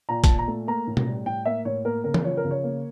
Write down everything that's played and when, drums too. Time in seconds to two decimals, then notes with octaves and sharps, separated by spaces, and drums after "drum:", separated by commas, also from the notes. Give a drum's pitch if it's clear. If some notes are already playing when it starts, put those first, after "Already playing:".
0.09 A#2 A#5
0.24 A#2 A5, drum: kick, hi-hat
0.39 A#5
0.48 A3
0.67 A#3 A#5
0.87 A2
0.97 drum: tom B2
1.06 G3
1.26 A2 G5
1.46 A#3 E5
1.65 A2 C#5
1.85 A#3 A#4
2.04 C#3 A#4
2.14 drum: tom E3
2.24 F3 C#5
2.37 A#4
2.44 C#3
2.51 C#5
2.64 A#3